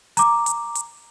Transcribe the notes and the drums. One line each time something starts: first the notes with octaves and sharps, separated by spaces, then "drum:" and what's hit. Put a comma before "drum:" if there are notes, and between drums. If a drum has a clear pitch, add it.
A#5 D6, drum: hi-hat
drum: hi-hat
drum: hi-hat